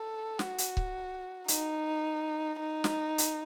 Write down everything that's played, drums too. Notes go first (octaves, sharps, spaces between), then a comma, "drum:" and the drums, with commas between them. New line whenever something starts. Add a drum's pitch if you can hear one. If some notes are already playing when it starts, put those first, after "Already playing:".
Already playing: A4
F#4, drum: snare
drum: hi-hat
drum: kick C#1
D#4, drum: hi-hat
D#4
drum: snare
drum: hi-hat